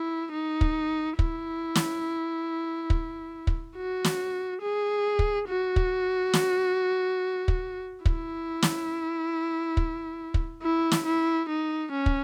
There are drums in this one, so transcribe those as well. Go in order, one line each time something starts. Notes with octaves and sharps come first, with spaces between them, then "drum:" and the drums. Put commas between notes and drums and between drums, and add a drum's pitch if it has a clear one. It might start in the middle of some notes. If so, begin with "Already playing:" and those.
Already playing: E4
D#4
drum: kick
E4, drum: kick
drum: snare
drum: kick
drum: kick
F#4
drum: snare
G#4
drum: kick
F#4
drum: kick
drum: snare
drum: kick
E4, drum: kick
drum: snare
drum: kick
drum: kick
E4
drum: snare
E4
D#4
C#4
drum: kick